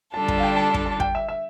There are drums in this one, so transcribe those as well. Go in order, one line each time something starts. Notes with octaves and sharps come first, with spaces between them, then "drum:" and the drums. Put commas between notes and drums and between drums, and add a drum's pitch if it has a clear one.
D3 G3 D4 F4 A4 A5
A5, drum: kick
F5
G5
A5
drum: kick
A5
G5, drum: kick
E5
E5